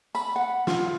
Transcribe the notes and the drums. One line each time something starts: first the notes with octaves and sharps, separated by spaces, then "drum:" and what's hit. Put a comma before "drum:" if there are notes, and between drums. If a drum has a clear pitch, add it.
B5, drum: tambourine
F#5
F4, drum: snare